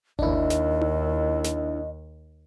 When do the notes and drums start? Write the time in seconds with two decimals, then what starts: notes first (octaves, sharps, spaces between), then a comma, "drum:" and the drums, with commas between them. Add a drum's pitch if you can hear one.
0.19 D#2 D4 E4 D#5, drum: kick G#1
0.50 drum: snare
0.82 drum: tom D#4
1.44 drum: snare